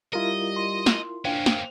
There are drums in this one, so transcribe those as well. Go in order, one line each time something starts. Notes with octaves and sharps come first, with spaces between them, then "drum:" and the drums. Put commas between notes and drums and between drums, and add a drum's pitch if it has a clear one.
G3 E4 F4 A#4 D#5
C6
drum: snare
A#3 C#4 D4 C5 F5 G5
drum: snare